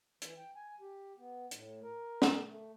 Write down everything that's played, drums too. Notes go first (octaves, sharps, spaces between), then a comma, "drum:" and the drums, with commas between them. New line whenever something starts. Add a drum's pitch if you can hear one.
E3, drum: hi-hat
G5
G#5
G4
B3
A2, drum: hi-hat
A#4
drum: snare
A3